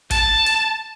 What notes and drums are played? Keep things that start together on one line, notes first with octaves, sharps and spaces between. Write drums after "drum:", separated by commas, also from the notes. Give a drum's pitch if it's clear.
A5, drum: kick, hi-hat
drum: hi-hat